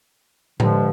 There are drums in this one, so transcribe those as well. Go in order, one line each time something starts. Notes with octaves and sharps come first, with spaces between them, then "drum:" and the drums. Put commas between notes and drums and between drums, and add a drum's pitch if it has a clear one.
G2 D3 F3 G#3, drum: tom A2